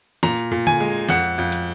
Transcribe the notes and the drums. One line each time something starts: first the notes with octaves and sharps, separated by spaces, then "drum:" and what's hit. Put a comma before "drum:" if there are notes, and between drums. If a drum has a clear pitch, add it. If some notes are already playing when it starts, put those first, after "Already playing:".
A#2 A#5, drum: snare
A#2
G#5, drum: tom D3
G#3
F2 F#5, drum: snare
F2
drum: hi-hat